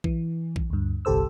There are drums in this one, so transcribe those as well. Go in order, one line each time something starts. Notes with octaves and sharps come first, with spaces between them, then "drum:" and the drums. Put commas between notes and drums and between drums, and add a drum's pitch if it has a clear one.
E3, drum: kick A#1
drum: kick A#1
D2 G2
G1 C2 G4 A4 C5 E6